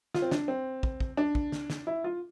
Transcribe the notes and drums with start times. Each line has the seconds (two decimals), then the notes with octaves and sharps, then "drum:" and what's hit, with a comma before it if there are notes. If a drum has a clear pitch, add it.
0.14 F4, drum: snare
0.22 C4
0.31 D4, drum: snare
0.48 C4
0.83 drum: kick
1.00 drum: kick
1.17 D4
1.35 drum: kick
1.52 drum: snare
1.70 drum: snare
1.87 E4
2.04 F4